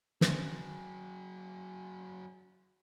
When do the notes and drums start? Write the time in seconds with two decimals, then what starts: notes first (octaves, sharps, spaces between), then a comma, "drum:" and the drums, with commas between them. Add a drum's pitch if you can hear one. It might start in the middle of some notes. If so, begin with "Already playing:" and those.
0.21 F#3 G#4, drum: snare